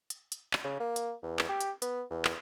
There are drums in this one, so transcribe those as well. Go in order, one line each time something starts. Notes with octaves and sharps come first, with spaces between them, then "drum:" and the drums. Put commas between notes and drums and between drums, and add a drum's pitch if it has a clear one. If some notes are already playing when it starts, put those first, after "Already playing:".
drum: hi-hat
drum: hi-hat
drum: clap
C#3
A#3
drum: hi-hat
E2
drum: clap
G4
drum: hi-hat
B3, drum: hi-hat
E2
drum: clap